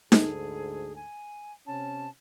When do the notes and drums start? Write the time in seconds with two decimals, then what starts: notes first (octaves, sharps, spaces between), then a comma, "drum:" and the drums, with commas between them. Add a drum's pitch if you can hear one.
0.12 D2 G#2 G#4 A4, drum: snare D#4
0.96 G#5
1.67 C3 C#4 A5